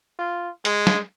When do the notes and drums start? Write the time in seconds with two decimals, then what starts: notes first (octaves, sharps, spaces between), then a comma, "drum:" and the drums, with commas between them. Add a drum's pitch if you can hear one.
0.19 F4
0.65 G#3, drum: hi-hat
0.87 drum: snare